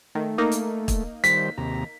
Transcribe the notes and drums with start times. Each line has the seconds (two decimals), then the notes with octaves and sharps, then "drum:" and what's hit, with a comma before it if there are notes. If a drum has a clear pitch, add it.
0.15 D#3 A3
0.38 A#3 D#4
0.52 drum: hi-hat
0.88 drum: kick, hi-hat
1.24 D#3 G3 C5 B6, drum: hi-hat
1.58 D#2 C3 A#5